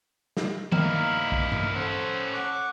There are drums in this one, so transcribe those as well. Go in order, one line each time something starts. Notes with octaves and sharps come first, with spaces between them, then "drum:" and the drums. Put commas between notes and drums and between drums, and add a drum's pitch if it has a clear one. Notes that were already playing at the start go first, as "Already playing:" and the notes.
drum: snare
G2 A#3 D#4 E4 F5, drum: tom D#3
drum: kick
drum: tom G2
C#4 A4 C5 F#5
F#5 C#6 D6